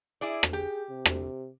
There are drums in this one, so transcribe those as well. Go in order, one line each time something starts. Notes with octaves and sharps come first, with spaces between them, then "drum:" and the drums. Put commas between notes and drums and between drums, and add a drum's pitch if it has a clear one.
E4 G#4 D5
drum: rim click
G4 G#4
C3
drum: rim click